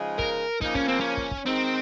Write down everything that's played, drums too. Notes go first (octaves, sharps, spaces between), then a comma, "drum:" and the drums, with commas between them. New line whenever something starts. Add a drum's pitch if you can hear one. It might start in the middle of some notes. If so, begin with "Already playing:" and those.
Already playing: C#3 F3 G#3 D#4 G#4
A#4, drum: kick
C#3 F3 A#3 D#4, drum: kick
C#4, drum: kick
C4
C#4
drum: kick
drum: kick
D#3 G#3 C4 D#4